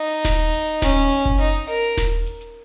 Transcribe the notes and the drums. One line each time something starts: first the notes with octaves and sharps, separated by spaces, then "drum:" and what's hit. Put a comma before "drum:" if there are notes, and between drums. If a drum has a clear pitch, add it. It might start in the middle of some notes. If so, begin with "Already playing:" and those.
Already playing: D#4
drum: snare D#1
drum: open hi-hat
drum: hi-hat
drum: hi-hat
C#4, drum: snare D#1
drum: hi-hat
drum: hi-hat
drum: kick F#1
D#4, drum: hi-hat
drum: hi-hat
A#4, drum: hi-hat
drum: hi-hat
drum: snare D#1
drum: open hi-hat
drum: hi-hat
drum: hi-hat